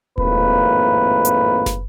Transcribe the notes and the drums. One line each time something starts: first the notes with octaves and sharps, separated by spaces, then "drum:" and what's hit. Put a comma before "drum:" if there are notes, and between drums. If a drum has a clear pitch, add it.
G#1 F2 A2 A#3 B4, drum: kick D#1
drum: hi-hat
drum: snare